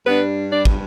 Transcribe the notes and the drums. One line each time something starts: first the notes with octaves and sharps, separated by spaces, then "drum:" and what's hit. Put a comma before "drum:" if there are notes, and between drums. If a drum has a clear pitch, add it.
G2 G3 B3 D4 B4
D4 D5
drum: kick